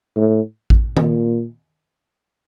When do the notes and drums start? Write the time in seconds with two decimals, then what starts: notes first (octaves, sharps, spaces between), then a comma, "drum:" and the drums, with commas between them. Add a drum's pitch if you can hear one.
0.16 A2
0.70 drum: kick A1
0.97 A#2, drum: tom D#3